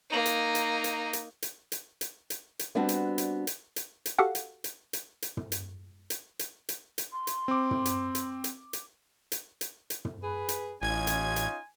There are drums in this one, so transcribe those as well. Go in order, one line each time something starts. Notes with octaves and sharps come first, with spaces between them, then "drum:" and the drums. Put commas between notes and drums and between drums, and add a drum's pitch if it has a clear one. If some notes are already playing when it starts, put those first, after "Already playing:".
A#3 D#4
drum: hi-hat
drum: hi-hat
drum: hi-hat
drum: hi-hat
drum: hi-hat
drum: hi-hat
drum: hi-hat
drum: hi-hat
drum: hi-hat
G3 B3 C4 D4 F#4
drum: hi-hat
drum: hi-hat
drum: hi-hat
drum: hi-hat
drum: hi-hat
F#4 G4 A4 F5 F#5
drum: hi-hat
drum: hi-hat
drum: hi-hat
drum: hi-hat
drum: tom
drum: hi-hat
drum: hi-hat
drum: hi-hat
drum: hi-hat
drum: hi-hat
C6
drum: hi-hat
C4 D6
drum: tom
drum: hi-hat
drum: hi-hat
drum: hi-hat
drum: hi-hat
drum: hi-hat
drum: hi-hat
drum: hi-hat
drum: tom
G#4 B4
drum: hi-hat
A1 C#4 D#4 F4 G#5 G#6
drum: hi-hat
drum: hi-hat